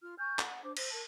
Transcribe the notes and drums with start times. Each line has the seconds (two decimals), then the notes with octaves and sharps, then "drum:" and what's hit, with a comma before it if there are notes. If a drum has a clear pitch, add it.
0.02 F4 F6
0.18 G#5 C#6 F6 G6
0.39 F#5, drum: clap
0.63 D4 C5 D6
0.77 C5, drum: cymbal
0.92 A#4 A5